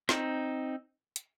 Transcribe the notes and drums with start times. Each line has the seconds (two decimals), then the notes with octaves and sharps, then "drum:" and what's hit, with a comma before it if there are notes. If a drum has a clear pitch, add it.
0.09 C4 D#4, drum: snare
1.16 drum: hi-hat